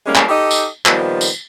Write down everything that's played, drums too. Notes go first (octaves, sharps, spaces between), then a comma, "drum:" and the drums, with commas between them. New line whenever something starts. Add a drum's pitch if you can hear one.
E3 G3 G#3 A#3 C#4
drum: clap
D#4 G4 A4 D#5
drum: tambourine
A#2 D#3 F3 G3 B3, drum: clap
drum: tambourine